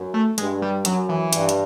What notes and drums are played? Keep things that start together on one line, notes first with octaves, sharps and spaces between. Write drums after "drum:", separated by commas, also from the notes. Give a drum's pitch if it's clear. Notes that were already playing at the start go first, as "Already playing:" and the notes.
Already playing: F#2
A3
G2 G#3, drum: hi-hat
G3
F#2 F#3, drum: hi-hat
E3
G2, drum: hi-hat
drum: hi-hat